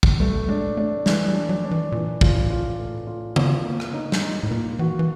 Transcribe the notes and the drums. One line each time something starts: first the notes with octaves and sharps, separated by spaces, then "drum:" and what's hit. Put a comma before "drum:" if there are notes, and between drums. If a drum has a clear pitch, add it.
drum: kick
G3 A3
G#3 D4
A3 D4
E3 G#3, drum: snare
G3
D4
F#3
D4
E3
A#2 E3
F4, drum: kick
A2
F4
A3
F4
F4, drum: tom C#3
A#3
drum: rim click
D#4
drum: snare
D#4
A2
A#2 A#3
E3 F#4
E3